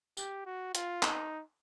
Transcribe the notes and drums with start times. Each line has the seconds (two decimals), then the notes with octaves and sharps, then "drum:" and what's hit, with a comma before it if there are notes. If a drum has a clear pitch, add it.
0.17 G4, drum: tambourine
0.46 F#4
0.75 F4, drum: hi-hat
1.03 D#4, drum: clap